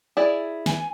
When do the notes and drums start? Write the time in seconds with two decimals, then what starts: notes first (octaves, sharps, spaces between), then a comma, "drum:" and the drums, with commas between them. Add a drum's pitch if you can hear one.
0.17 E4 G#4 D5
0.66 G#5, drum: snare